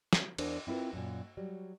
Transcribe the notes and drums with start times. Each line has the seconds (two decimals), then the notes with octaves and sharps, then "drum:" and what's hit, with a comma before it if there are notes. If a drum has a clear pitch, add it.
0.13 drum: snare
0.38 E2 D4 A#4 C5 D5, drum: cymbal
0.67 C4 E4 F4 A#4 B4
0.93 F#2 A#2
1.37 F#3 G3